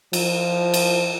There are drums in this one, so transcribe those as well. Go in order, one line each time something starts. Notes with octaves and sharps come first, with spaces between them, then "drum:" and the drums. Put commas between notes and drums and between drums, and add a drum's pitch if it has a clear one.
F3, drum: cymbal
drum: cymbal